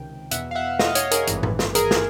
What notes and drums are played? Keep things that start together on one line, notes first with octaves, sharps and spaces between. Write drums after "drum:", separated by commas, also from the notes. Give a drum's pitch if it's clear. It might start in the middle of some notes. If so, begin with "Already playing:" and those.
Already playing: C#2 C3 D#3 G5
E2 B2 E5 F#5, drum: hi-hat
F5
E5 F#5
D#5 F5, drum: snare
C#5 D#5, drum: hi-hat
G#4 A#4, drum: hi-hat
G#1 G2 E3, drum: hi-hat
drum: tom
drum: snare
G#4 A#4, drum: hi-hat
drum: snare